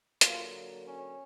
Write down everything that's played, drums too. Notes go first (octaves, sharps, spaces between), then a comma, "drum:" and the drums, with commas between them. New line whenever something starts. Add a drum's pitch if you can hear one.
D3 F#3 A#3 F4, drum: hi-hat
C#4